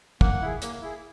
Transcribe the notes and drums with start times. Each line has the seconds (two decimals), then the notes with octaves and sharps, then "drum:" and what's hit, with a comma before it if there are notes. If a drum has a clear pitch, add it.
0.21 A#3 F#5, drum: kick
0.42 E4 G#4
0.62 A#3, drum: hi-hat
0.82 E4 G#4